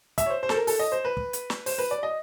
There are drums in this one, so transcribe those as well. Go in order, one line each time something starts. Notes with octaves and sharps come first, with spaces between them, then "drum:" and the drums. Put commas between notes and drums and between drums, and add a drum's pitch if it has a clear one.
E5, drum: kick, hi-hat
C#5
C5
C5
A4, drum: snare
A#4
A4, drum: open hi-hat
D#5
C5
B4
drum: kick
drum: hi-hat
drum: snare
C5, drum: open hi-hat
B4
D5
D#5